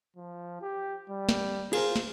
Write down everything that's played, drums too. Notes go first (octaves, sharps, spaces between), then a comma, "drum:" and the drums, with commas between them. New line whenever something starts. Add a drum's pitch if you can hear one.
F3
G4
G3
drum: snare
F4 G#4 A#4 C5, drum: cymbal
drum: snare